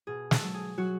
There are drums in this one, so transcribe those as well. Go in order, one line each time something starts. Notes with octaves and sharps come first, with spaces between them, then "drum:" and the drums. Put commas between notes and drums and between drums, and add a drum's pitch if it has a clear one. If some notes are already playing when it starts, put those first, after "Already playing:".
B2 G#4
A4, drum: snare
F#3
G#4
F#3 F#4